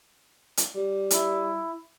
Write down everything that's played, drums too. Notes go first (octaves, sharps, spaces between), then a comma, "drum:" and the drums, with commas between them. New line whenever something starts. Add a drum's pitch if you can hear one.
drum: hi-hat
G3
E4, drum: hi-hat